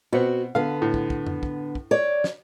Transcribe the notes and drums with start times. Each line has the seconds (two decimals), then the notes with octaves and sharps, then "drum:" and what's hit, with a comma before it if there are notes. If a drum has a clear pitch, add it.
0.13 B2 B3 C4 F#4
0.55 D3 B3 F5
0.82 A2
0.94 drum: kick
1.10 drum: kick
1.27 drum: tom F2
1.43 drum: kick
1.75 drum: kick
1.91 C#5 D5
2.24 drum: snare